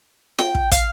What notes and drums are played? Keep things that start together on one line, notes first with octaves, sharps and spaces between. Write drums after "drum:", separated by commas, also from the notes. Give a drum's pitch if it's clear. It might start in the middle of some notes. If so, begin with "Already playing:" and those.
G5, drum: snare F4
drum: kick
F5, drum: kick, hi-hat